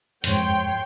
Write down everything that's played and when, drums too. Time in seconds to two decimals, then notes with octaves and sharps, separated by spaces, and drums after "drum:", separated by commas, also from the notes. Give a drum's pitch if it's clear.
0.24 F2 G#2 C#5 G5 C6, drum: hi-hat